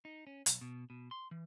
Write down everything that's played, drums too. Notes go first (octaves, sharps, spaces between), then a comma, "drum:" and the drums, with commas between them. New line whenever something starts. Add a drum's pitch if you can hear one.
D#4
C#4
B1, drum: hi-hat
B2
B2
C6
E3